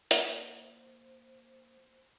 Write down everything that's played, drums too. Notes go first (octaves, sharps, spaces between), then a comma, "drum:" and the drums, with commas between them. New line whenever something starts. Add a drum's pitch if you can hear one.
A#3 C5, drum: hi-hat